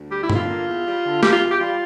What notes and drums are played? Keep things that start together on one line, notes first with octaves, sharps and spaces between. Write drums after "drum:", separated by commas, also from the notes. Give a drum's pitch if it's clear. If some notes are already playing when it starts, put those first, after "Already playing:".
Already playing: D2
G3 G4
E4
D3, drum: tom
F4
A#3
E2
G3
D3
A#3 G4, drum: snare
F4
E2
G4
G3 F4